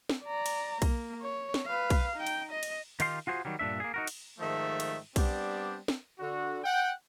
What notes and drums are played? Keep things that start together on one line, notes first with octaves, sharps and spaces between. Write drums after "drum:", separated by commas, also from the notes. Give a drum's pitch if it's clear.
drum: snare
D5 A#5
drum: cymbal
A#3, drum: kick B1, cymbal
C#5
drum: snare
B4 F5
drum: kick B1, cymbal
D#4 G5
drum: cymbal
D#5
drum: cymbal
D#3 D#4 F4 G4 F5 C6, drum: cymbal
F4 F#4 G#4 C5
D#3 F#3 G3
G2 A#2 D4 E5
A#3 G#4
D#4 F#4 A#4
drum: cymbal
G#2 D#3 F3 A3 E5
drum: cymbal
G3 B3 C4 D4 G4, drum: kick B1, cymbal
drum: snare
D3 F#4
F#5 G5